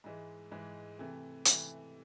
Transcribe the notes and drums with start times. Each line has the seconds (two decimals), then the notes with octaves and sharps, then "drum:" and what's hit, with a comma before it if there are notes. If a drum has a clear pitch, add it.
0.04 G#2 E3 G#3
0.52 G#2 E3 G#3
0.98 C3 E3 A3
1.45 C3 E3 A3, drum: hi-hat